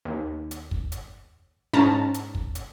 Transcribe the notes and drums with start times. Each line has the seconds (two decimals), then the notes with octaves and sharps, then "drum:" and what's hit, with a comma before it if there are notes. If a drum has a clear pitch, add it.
0.05 D#2
0.51 drum: hi-hat
0.71 drum: kick
0.92 drum: hi-hat
1.73 G#2 C#4 A5 A#5
2.14 drum: hi-hat
2.35 drum: kick
2.55 drum: hi-hat